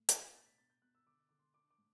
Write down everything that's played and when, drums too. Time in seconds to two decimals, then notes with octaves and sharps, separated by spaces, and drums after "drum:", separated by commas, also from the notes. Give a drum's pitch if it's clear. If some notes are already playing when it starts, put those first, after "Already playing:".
Already playing: A2
0.09 D4 D6, drum: hi-hat
0.22 G6
0.34 B2 A6
0.46 B6
0.58 B2 A6
0.70 G6
0.82 B2 F#6
0.95 E6
1.06 D3 D6
1.29 D3 D6
1.39 C6
1.54 D4 D6
1.70 D6
1.78 A2